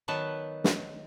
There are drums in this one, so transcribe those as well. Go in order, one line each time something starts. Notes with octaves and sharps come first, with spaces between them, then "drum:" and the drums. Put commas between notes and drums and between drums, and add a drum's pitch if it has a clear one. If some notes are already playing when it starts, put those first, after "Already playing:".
D#3 F#3 B3 B4 A5
drum: snare